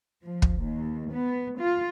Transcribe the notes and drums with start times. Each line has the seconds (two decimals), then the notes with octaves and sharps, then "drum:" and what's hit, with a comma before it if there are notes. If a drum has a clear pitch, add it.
0.24 F3
0.42 drum: kick
0.62 D#2
1.11 B3
1.59 F4